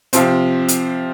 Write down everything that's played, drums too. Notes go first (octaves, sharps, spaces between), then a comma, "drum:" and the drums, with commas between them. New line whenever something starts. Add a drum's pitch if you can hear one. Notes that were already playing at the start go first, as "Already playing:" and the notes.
C3 F3 C4, drum: hi-hat
drum: hi-hat